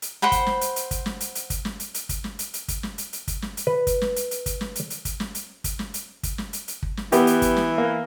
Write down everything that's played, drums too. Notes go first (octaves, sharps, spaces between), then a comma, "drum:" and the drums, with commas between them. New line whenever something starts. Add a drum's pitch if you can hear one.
drum: hi-hat
C5 F#5 G5 B5
drum: kick, hi-hat
drum: snare
drum: hi-hat
drum: hi-hat
drum: kick, hi-hat
drum: snare
drum: hi-hat
drum: hi-hat
drum: kick, hi-hat
drum: snare
drum: hi-hat
drum: hi-hat
drum: kick, hi-hat
drum: snare
drum: hi-hat
drum: hi-hat
drum: kick, hi-hat
drum: snare
drum: hi-hat
drum: hi-hat
drum: kick, hi-hat
drum: snare
drum: hi-hat
B4
drum: kick, hi-hat
drum: snare
drum: hi-hat
drum: hi-hat
drum: kick, hi-hat
drum: snare
drum: hi-hat
drum: hi-hat
drum: kick, hi-hat
drum: snare
drum: hi-hat
drum: kick, hi-hat
drum: snare
drum: hi-hat
drum: kick, hi-hat
drum: snare
drum: hi-hat
drum: hi-hat
drum: kick
drum: snare
E3 B3 G4, drum: hi-hat
drum: hi-hat
drum: kick, hi-hat
drum: snare
A#3